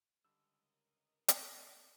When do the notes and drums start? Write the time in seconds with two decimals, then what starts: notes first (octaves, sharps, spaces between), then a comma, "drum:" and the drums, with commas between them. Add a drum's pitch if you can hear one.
0.25 C#2 D3 D#3 G3 A#4 D#5 E6
1.28 drum: hi-hat